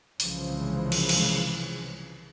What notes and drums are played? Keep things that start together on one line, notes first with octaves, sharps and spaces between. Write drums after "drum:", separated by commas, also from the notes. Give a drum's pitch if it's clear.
C2 C#3 E3 F3 G#3, drum: open hi-hat
drum: cymbal
drum: cymbal